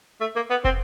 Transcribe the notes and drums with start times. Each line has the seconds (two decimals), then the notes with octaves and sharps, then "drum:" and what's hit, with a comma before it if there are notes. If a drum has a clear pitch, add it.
0.21 A3
0.36 A#3
0.50 B3
0.64 C4, drum: kick